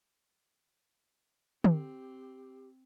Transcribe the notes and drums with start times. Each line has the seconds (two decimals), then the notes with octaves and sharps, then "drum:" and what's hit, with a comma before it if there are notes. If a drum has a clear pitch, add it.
1.64 C4 G4, drum: tom